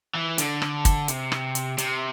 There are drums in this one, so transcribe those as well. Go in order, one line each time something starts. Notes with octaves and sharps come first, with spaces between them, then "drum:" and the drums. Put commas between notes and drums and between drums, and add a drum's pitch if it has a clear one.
E3
D3, drum: hi-hat
drum: rim click
drum: kick, hi-hat
C3, drum: hi-hat
drum: rim click
drum: hi-hat
C3, drum: hi-hat